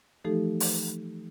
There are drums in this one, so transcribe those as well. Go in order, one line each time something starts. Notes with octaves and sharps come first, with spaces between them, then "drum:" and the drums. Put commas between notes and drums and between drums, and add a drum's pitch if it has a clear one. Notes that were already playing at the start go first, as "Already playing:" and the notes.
E3 F3 A3 D#4 G4 A4
drum: open hi-hat